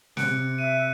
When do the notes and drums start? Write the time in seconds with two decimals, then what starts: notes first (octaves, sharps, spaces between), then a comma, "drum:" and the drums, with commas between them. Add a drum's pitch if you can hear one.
0.17 C3 F#6 C#7 D7, drum: snare
0.58 E5 D#7